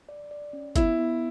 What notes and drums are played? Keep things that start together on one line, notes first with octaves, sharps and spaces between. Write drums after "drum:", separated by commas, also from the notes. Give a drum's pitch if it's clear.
D5
D5
C#4
B3 E4, drum: kick G1, hi-hat
B3